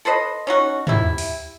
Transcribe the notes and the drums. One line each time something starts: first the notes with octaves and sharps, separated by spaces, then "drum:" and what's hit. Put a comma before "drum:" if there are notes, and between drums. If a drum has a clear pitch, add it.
A4 B4 C5 D#5
C#4 D#4 F#4
C3 E4, drum: tom
drum: open hi-hat